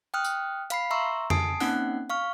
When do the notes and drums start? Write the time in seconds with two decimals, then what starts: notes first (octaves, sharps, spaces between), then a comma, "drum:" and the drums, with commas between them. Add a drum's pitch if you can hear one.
0.14 G5 D#6 F6 F#6
0.24 drum: tambourine
0.70 F5 B5 C7, drum: hi-hat
0.90 E5 A#5 C6 C#6 E6
1.30 G#5 A5 D#6 C7 D7, drum: tom F2
1.60 A#3 C4 C#4 D#4 F#5 F#6, drum: open hi-hat
2.10 F5 C#6 F6